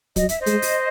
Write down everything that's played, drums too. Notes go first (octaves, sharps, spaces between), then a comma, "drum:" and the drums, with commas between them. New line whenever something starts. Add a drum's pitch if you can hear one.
F#3 D#5, drum: kick, hi-hat
E5, drum: hi-hat
C5 D#5
G#3, drum: hi-hat
drum: open hi-hat